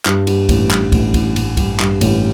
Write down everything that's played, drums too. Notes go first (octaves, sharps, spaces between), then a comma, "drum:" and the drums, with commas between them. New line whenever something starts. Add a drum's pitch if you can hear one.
G2, drum: clap
G2, drum: cymbal
A1, drum: kick, cymbal
G2, drum: clap
A1, drum: kick, cymbal
A1, drum: kick, cymbal
A1, drum: cymbal
G2, drum: kick, cymbal
G2, drum: clap
A1, drum: cymbal